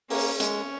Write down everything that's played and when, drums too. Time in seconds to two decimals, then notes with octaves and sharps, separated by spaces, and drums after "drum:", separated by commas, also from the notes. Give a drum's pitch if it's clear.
0.10 A#3 C#4, drum: open hi-hat
0.40 G#3 C#4, drum: hi-hat